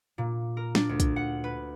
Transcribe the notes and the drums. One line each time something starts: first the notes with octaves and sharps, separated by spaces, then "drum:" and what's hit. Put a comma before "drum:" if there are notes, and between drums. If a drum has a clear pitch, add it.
A#2
A#4
D4, drum: snare
D2
drum: kick, hi-hat
F#5
B4